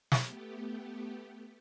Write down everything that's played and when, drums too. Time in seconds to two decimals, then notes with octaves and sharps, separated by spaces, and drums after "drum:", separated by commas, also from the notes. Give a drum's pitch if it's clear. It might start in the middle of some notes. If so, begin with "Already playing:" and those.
0.12 drum: snare
0.23 A3 B3 G4